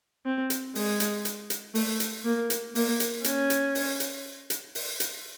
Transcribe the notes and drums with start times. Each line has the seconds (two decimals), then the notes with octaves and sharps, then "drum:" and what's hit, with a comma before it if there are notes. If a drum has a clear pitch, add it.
0.26 C4
0.50 drum: hi-hat
0.75 G#3, drum: open hi-hat
1.00 drum: hi-hat
1.25 drum: hi-hat
1.50 drum: hi-hat
1.75 A3, drum: open hi-hat
2.00 drum: hi-hat
2.25 A#3
2.50 drum: hi-hat
2.75 A#3, drum: open hi-hat
3.00 drum: hi-hat
3.24 C#4, drum: hi-hat
3.50 drum: hi-hat
3.75 drum: open hi-hat
4.00 drum: hi-hat
4.50 drum: hi-hat
4.75 drum: open hi-hat
5.00 drum: hi-hat